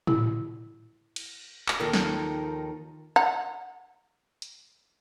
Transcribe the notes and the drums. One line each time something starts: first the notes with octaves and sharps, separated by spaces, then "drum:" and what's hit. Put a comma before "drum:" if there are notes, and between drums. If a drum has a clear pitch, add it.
E4, drum: tom A2
drum: cymbal
drum: clap
D#2 D#3 F3 D#4 A4 A#4
drum: snare
F#5 A#5
drum: hi-hat